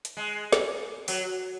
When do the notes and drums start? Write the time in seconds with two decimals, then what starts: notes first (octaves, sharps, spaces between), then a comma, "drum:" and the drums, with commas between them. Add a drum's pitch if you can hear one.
0.05 drum: hi-hat
0.17 G#3
0.53 drum: snare
1.08 F#3, drum: open hi-hat